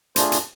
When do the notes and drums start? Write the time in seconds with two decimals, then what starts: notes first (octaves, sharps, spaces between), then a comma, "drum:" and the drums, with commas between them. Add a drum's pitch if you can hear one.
0.16 A3 D4 F4 G#4 C5, drum: hi-hat
0.32 drum: hi-hat